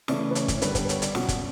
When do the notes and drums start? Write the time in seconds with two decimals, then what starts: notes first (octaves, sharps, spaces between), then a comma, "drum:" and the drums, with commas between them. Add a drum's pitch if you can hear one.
0.08 C#3 E3 A3 C#4 D5, drum: snare
0.30 B4
0.35 C#5, drum: hi-hat
0.48 drum: kick, hi-hat
0.57 C#5
0.62 D3 G3 B3 B4, drum: hi-hat
0.75 B4, drum: kick, hi-hat
0.89 C#5, drum: hi-hat
1.02 D5, drum: hi-hat
1.15 B2 F#3 C#4 F#5, drum: snare
1.28 drum: kick, hi-hat